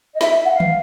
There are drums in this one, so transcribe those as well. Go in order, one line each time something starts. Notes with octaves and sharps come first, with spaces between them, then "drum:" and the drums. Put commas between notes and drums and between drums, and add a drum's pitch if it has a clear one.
D#5
E5, drum: snare
F#5
F5
drum: tom